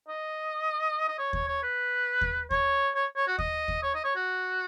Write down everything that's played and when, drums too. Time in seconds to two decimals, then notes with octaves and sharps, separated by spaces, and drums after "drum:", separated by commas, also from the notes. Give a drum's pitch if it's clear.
0.08 D#5
1.08 D#5
1.19 C#5
1.33 C#5, drum: kick D#2
1.47 C#5
1.63 B4
2.21 drum: kick D#2
2.51 C#5, drum: kick D#2
2.95 C#5
3.16 C#5
3.27 F#4
3.39 D#5, drum: kick D#2
3.68 drum: kick D#2
3.83 C#5
3.94 D#5
4.04 C#5
4.16 F#4